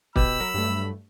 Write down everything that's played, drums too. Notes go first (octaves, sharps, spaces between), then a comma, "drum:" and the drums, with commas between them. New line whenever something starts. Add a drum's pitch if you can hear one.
B2 G4 B5 E6, drum: kick
F#3 A#4
G2 A3